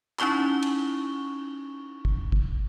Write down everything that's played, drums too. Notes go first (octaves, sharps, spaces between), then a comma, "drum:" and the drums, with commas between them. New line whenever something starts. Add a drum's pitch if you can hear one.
C#4 D#4 E4 C#6 G7, drum: clap
drum: cymbal
drum: kick
drum: kick